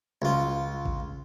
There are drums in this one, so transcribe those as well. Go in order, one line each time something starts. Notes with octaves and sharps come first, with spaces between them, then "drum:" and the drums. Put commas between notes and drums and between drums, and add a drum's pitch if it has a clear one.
C#2 F4
drum: kick